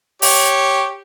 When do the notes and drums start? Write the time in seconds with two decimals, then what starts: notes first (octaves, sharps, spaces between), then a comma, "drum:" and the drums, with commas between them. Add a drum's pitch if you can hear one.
0.22 G4 C#5, drum: open hi-hat